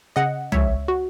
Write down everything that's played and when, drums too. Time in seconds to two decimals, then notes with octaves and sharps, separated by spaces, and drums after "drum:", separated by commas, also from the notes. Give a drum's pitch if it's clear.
0.16 C#3 D#5 F#5
0.52 C#2 C#5 E5, drum: tom
0.88 F#4